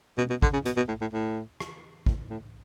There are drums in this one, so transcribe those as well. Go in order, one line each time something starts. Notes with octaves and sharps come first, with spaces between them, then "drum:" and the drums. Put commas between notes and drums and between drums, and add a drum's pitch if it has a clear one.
B2, drum: tom B2
B2
D3, drum: kick
C#3
B2, drum: hi-hat
B2
A2
A2
A2
drum: rim click
A2, drum: kick
A2